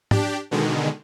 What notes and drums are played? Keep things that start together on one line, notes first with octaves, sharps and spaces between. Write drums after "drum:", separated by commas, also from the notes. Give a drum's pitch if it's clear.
D4 G4, drum: tom
B2 D3 D#3 G#3